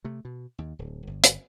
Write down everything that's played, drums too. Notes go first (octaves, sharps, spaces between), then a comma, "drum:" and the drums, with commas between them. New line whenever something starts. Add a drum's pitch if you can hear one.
C3 A3
B2
D#2
D1
G1
drum: hi-hat